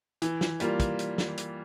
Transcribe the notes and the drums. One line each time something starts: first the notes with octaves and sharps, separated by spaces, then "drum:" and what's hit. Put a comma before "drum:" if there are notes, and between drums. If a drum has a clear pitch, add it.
E3, drum: hi-hat
drum: snare
G3 A#3 F4, drum: hi-hat
drum: kick, hi-hat
drum: hi-hat
drum: snare
drum: hi-hat